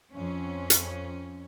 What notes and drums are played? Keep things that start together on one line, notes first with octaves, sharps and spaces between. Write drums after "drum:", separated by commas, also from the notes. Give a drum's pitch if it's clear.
F2 C#4
drum: hi-hat